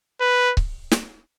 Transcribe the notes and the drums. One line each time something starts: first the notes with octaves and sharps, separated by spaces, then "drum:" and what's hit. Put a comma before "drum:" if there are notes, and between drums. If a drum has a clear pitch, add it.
B4
drum: kick C#1
drum: snare